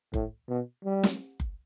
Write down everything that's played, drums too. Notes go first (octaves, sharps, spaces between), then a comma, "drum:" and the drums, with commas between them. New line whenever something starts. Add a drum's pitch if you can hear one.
A2, drum: kick F#1
B2
G3
drum: snare
drum: kick F#1